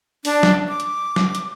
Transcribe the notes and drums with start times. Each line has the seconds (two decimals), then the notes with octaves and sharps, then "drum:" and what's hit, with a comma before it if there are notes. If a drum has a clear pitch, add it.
0.25 D4, drum: open hi-hat
0.43 drum: snare
0.68 D6
0.80 drum: hi-hat
1.16 drum: snare
1.35 drum: hi-hat